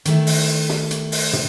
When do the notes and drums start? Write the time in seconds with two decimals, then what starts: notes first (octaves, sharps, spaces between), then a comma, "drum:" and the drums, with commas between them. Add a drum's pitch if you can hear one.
0.05 D#3 A3 E4, drum: hi-hat
0.27 drum: open hi-hat
0.69 drum: snare
0.91 drum: hi-hat
1.12 drum: open hi-hat
1.33 drum: tom